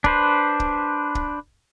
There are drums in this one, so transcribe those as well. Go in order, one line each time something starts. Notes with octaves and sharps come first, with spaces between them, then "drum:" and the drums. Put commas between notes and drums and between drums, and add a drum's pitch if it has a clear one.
D4 B4 C5, drum: kick
drum: kick
drum: kick